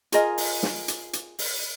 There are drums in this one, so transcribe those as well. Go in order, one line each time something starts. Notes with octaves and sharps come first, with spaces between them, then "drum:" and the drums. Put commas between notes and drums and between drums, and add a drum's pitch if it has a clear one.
F4 G#4 A#4 D#5, drum: hi-hat
drum: open hi-hat
drum: snare
drum: hi-hat
drum: hi-hat
drum: open hi-hat